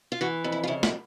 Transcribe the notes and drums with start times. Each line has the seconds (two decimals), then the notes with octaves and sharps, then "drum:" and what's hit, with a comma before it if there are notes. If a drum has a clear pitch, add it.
0.12 F4
0.21 E3 F#4
0.44 F2
0.52 E4
0.64 F4
0.67 C#3 E4
0.83 E4, drum: snare